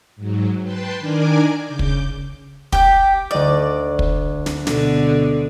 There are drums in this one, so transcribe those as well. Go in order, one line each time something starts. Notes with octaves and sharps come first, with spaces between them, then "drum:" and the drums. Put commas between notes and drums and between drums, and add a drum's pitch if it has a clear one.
G#2 F#3
B4 G5 A5 C6
D#3 D4 A#4 D5 G#5 D6
C#3 D6 G6
drum: kick
G4 G5, drum: kick
D2 D5 D#5
drum: kick
drum: snare
B2 D3, drum: snare